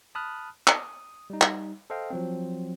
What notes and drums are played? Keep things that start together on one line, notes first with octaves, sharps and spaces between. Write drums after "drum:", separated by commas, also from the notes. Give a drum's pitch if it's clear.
A5 B5 D#6 F6 F#6
D#6, drum: clap
G3 D#4
drum: clap
A4 C5 D#5 F5 G5
F3 F#3 C4